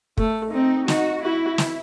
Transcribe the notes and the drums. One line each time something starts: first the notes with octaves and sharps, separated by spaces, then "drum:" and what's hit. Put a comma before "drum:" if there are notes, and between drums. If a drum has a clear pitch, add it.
A3, drum: kick
C4 D#4
D#4 F#4, drum: snare
E4 F#4
drum: snare